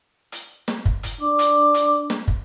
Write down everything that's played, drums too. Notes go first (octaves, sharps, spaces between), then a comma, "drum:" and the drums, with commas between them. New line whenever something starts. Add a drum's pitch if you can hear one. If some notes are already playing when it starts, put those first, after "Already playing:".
drum: hi-hat
drum: snare
drum: kick
drum: hi-hat
D4 D6
drum: hi-hat
drum: hi-hat
drum: snare
drum: kick